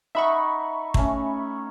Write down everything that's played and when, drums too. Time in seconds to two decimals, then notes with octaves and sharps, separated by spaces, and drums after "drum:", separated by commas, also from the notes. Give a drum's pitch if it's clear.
0.15 D#4 E5 F#5 B5 C#6
0.94 A3 C#4, drum: kick